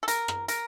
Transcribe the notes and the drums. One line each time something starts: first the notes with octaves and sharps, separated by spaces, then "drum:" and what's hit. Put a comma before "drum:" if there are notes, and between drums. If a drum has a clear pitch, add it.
A4
A#4, drum: hi-hat
drum: rim click
A#4, drum: hi-hat